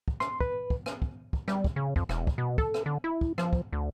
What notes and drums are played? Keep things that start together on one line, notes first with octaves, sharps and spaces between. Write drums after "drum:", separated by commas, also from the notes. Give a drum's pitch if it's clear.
drum: kick
C6, drum: rim click
B4, drum: kick
drum: kick
drum: rim click
drum: kick
drum: kick
G3, drum: rim click
drum: kick
C#3
F2, drum: kick
E1, drum: rim click
drum: kick
B2
A4, drum: kick
drum: rim click
D3
E4
drum: kick
F3, drum: rim click
drum: kick
D2